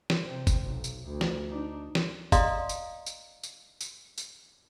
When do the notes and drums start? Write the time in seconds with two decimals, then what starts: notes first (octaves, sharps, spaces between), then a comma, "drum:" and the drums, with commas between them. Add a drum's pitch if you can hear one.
0.10 drum: snare
0.25 C3 C4
0.47 drum: kick, tambourine
0.63 B1
0.84 drum: tambourine
1.05 D2
1.21 drum: snare
1.50 D4 D#4
1.95 drum: snare
2.32 D5 D#5 F5 A#5 C6 D#6, drum: kick, tambourine
2.69 drum: tambourine
3.06 drum: tambourine
3.43 drum: tambourine
3.81 drum: tambourine
4.18 drum: tambourine